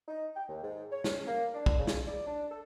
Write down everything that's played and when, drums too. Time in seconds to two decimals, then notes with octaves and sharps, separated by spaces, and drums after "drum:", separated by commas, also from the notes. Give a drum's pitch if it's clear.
0.08 D#4
0.35 G5
0.48 D#2
0.62 G#2
0.91 C#5
1.04 C#4, drum: snare
1.27 A#3
1.54 D4
1.66 drum: kick
1.78 C#3
1.87 drum: snare
2.06 D5
2.26 D4
2.50 A4